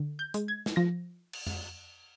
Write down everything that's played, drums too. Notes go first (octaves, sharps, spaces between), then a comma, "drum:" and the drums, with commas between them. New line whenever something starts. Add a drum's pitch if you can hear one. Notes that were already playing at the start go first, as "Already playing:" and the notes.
Already playing: D3
G6
G#3, drum: hi-hat
G#6
drum: snare
F3 A#6
drum: cymbal
drum: tom F2